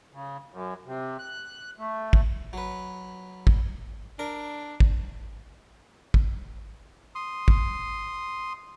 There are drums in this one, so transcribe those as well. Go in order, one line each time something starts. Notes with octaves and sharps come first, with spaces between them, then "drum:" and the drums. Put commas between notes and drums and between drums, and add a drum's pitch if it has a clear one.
C#3
F#2
C3
F#6
A3
drum: kick
F#3 B4
drum: kick
D4 A#4
drum: kick
drum: kick
C6 D#6
drum: kick